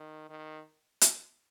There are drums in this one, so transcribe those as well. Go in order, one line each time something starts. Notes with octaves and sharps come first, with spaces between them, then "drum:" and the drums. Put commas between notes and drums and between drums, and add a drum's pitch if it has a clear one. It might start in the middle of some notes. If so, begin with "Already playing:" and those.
Already playing: D#3
D#3
drum: hi-hat